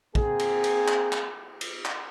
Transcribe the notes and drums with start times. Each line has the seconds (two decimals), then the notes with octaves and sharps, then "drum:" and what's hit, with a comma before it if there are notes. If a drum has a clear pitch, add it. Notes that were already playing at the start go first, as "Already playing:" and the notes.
0.15 A#3 C4 G#4, drum: kick
0.39 drum: cymbal
0.64 drum: cymbal
0.88 drum: clap
1.12 drum: clap
1.61 drum: cymbal
1.85 drum: clap